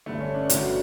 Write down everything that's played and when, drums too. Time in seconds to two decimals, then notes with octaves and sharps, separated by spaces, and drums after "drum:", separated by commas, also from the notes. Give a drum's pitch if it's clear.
0.06 G1 G2 D3 A3
0.20 C#4
0.35 D4
0.50 G1 G2 D3 F#4, drum: hi-hat